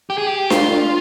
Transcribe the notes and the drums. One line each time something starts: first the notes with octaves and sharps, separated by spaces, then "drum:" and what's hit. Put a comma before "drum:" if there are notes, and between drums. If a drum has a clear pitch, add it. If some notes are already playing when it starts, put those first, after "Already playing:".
G4
G#4
G4
F4, drum: snare D4